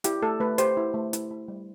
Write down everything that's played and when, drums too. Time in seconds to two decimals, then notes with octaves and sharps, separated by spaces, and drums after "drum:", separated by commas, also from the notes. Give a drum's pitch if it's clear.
0.04 E4 G4, drum: hi-hat
0.23 A3 A4
0.40 A3 B4
0.58 G4 C5, drum: hi-hat
0.77 E4
0.94 A3
1.13 E4, drum: hi-hat
1.31 E4
1.48 G3